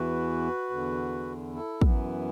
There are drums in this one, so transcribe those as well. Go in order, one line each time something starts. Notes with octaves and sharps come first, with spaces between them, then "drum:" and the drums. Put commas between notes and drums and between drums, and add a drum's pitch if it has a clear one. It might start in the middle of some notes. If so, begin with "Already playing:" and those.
Already playing: E2 E3 F#4 B4
E2 D3
E4 A4
F#2 E3 B3, drum: kick